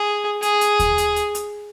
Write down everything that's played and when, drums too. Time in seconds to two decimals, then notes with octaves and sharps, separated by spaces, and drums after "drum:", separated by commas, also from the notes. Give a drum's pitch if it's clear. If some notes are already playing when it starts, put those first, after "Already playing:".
Already playing: G#4
0.42 G#4, drum: hi-hat
0.61 drum: hi-hat
0.79 drum: kick D#2, hi-hat
0.98 drum: hi-hat
1.16 drum: hi-hat
1.35 drum: hi-hat